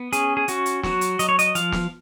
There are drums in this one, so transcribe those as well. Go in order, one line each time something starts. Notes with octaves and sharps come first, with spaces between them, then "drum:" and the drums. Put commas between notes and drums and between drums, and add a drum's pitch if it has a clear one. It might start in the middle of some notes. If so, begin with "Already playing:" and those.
Already playing: B3
C#4 G#4, drum: hi-hat
G#4
C#4 F#4, drum: hi-hat
drum: hi-hat
F#3 F#4, drum: snare
drum: hi-hat
F#3 D#5, drum: hi-hat
C#5
D#5, drum: hi-hat
F3 F5, drum: hi-hat
drum: snare